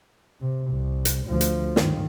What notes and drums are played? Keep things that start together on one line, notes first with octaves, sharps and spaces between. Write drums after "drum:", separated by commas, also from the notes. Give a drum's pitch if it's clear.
C3
C2
drum: hi-hat
D2 F3
drum: hi-hat
G2 D#3, drum: snare